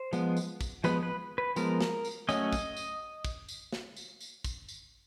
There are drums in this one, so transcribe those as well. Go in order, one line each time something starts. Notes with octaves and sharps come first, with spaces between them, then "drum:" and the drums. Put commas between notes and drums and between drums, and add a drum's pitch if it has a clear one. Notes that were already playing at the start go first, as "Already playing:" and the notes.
Already playing: C5
F3 G#3 B3, drum: tambourine
drum: tambourine
drum: kick, tambourine
F3 G#3 B3 B4, drum: tambourine
B4
B4
F3 G#3 B3 A#4, drum: tambourine
drum: snare
drum: tambourine
F#3 A3 C#4 D#5, drum: tambourine
drum: kick, tambourine
drum: tambourine
drum: kick, tambourine
drum: tambourine
drum: snare
drum: tambourine
drum: tambourine
drum: kick, tambourine
drum: tambourine